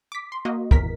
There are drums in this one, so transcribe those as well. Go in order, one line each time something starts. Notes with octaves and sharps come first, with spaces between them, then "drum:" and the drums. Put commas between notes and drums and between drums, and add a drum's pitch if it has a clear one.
D6 B6
C6
A#3 F#4 D#5
G1 E2 A#4 B6, drum: kick